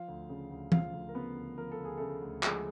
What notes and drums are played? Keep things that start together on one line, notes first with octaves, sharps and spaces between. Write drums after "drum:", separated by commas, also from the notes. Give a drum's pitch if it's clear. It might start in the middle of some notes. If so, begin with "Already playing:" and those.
Already playing: F3 F4 F5
D2
C#3
D2
F3 F4 F5, drum: tom E3
D2
A#4
C#3 B3 B4
D2
F3 A#4
A4
D2
G#4
C#3 A3 A4
D2
F3 G#3 G#4, drum: clap